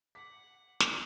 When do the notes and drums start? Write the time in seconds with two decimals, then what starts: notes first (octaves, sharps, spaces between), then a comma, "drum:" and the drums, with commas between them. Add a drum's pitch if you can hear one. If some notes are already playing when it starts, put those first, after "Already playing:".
0.15 F#5 D6 B6
0.80 drum: snare